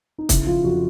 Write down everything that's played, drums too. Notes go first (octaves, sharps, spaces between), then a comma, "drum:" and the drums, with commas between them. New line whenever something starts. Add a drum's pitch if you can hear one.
D#4
C#3 E4, drum: kick, hi-hat
F3 F4
F2 F#4